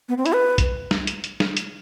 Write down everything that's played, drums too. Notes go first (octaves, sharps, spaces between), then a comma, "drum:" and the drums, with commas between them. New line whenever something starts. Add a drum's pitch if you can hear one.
B3
C4
E4, drum: hi-hat
B4
drum: kick, hi-hat
drum: snare
drum: hi-hat
drum: hi-hat
drum: snare
drum: hi-hat